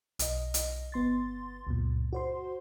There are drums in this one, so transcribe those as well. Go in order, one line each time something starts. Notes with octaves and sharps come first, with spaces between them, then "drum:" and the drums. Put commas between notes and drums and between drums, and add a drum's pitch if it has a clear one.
B1 D#5, drum: hi-hat
drum: hi-hat
G1 B3 C6 A6
C#2 F#2 A#2
F#4 C5 C6